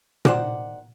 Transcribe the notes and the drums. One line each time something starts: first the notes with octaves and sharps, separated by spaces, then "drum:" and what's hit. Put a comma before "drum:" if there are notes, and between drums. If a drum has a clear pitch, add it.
D#3 C5 D5 F#5, drum: tom A#2